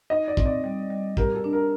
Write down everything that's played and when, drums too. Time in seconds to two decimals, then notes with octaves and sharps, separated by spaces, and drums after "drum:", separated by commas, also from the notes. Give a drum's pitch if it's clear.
0.10 D#4 D#5
0.28 D5
0.37 C4, drum: kick
0.46 D5
0.64 G3
0.90 G3
1.17 G4 A#4, drum: kick
1.35 A4
1.44 D4
1.53 A#4